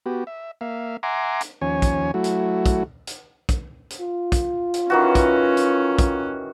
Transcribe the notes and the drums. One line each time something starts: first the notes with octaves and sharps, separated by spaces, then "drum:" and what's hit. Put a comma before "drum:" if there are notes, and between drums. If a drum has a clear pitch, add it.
B3 F#4 G4
E5
A#3 E5 F5
E5 F#5 G#5 A#5 C6 D6
drum: hi-hat
D#2 F3 C#4 C#5 G#5
drum: kick, hi-hat
F#3 A3 E4 F#4
drum: hi-hat
drum: kick, hi-hat
drum: hi-hat
drum: kick, hi-hat
drum: hi-hat
F4
drum: kick, hi-hat
drum: hi-hat
D#3 E3 C#4 F#4
drum: kick, hi-hat
drum: hi-hat
drum: kick, hi-hat